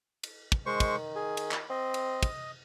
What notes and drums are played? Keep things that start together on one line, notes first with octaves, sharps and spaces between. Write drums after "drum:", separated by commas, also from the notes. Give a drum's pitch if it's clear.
drum: cymbal
drum: kick
D#3 G#3 C5 C#6
drum: kick, cymbal
G#4
drum: cymbal
drum: clap
C4 D#5
drum: cymbal
drum: kick, cymbal